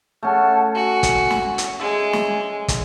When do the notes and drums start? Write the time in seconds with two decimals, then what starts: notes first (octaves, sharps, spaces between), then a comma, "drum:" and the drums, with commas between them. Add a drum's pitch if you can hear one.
0.23 A3 C#4 F#5 A5 F6
0.75 F#4 G#5
1.03 drum: kick, hi-hat
1.30 drum: snare
1.58 drum: hi-hat
1.80 G#3 E5 G#5
2.13 drum: snare
2.68 drum: kick, hi-hat